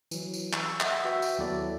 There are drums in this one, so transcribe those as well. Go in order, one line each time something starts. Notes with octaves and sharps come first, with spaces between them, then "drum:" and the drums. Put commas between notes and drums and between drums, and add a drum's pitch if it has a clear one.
E3 F#3, drum: tambourine
drum: tambourine
C#6 E6, drum: clap
D#5 E5 F#5, drum: clap
F#4 B4 E5 G5
drum: tambourine
D#2 F#3 B3 E4 A4 D5